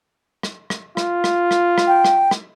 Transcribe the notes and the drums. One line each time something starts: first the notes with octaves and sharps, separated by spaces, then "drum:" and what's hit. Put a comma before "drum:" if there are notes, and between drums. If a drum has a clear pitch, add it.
drum: rim click
drum: rim click
F4, drum: rim click
drum: rim click
drum: rim click
drum: rim click
G5
drum: rim click
drum: rim click